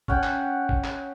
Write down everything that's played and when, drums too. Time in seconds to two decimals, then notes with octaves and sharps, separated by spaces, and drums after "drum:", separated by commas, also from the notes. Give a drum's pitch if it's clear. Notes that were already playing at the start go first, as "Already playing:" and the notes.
0.08 C#4 F#5 G5, drum: kick G1
0.24 drum: clap
0.69 drum: kick G1
0.84 drum: clap